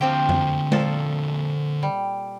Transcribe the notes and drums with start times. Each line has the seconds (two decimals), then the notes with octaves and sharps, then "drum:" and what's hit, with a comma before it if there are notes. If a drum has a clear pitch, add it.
0.01 D3 F3 C4 G4 C5
0.29 drum: tom F2
0.72 A#2 F3 A4, drum: tom G#3
1.83 G3